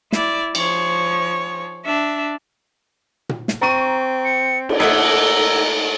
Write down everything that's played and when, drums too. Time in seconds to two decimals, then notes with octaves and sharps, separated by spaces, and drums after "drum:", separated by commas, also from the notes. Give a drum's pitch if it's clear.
0.13 E4 D5, drum: snare
0.55 F3 C#5, drum: cymbal
1.86 D4 E5
3.29 drum: tom A#2
3.48 drum: snare
3.62 C4 A#5 C#6 D#7
4.25 C#7
4.69 drum: cymbal
4.80 A3 A#3 D#4 F#5 E6 G#6 B6
5.04 A#4